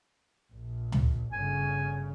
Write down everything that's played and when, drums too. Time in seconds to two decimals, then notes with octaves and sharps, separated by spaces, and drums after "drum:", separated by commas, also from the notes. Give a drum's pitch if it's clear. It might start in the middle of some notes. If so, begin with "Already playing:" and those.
0.52 A#1
0.92 drum: tom
1.32 G1 C#3 G#5